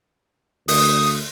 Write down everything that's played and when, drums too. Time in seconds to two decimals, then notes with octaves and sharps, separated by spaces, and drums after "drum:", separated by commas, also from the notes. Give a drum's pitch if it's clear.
0.68 D2 D#6, drum: open hi-hat